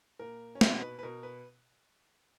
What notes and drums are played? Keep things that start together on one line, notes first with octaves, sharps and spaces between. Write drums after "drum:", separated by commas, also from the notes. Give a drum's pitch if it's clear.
A#2 A#4
C#4
B2 D#4, drum: snare
B4
B4
B2 A#4
B4